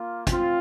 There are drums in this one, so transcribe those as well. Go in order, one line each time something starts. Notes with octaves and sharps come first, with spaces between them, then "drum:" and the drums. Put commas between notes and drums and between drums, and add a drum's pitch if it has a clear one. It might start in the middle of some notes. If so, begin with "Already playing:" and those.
Already playing: A#3 F4
C4 F4, drum: kick, hi-hat